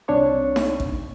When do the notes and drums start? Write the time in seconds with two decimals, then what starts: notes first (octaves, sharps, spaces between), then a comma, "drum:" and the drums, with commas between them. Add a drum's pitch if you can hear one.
0.08 C2 C4 D4 C#5 C#6
0.56 drum: snare D#4
0.80 drum: kick A1